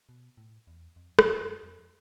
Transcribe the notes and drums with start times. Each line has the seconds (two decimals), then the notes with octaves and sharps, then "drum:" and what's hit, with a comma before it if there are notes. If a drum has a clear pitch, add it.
0.09 B2
0.37 A2
0.67 E2
0.96 F2
1.19 F2, drum: rim click
1.41 F#2
1.63 F2